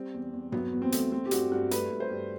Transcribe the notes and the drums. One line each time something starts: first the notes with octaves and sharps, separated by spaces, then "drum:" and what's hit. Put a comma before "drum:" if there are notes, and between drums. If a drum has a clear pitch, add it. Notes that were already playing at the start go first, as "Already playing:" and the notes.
Already playing: G3 C4
E2
E2
F#3 B3, drum: tom G2
E2
C4
A3, drum: hi-hat
A3 C4
G4
G2 F#4, drum: hi-hat
G2 F#4
A3 B4, drum: hi-hat
G2
C5
G2